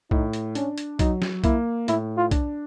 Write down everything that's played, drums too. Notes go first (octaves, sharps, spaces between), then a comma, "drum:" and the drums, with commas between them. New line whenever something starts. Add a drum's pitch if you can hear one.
A2 D#4, drum: kick B1
drum: hi-hat
C#4 D4, drum: hi-hat
drum: hi-hat
F#3 D#4, drum: kick B1, hi-hat
drum: snare
A#3 E4, drum: kick B1, hi-hat
A2 E4, drum: hi-hat
F4
D4, drum: kick B1, hi-hat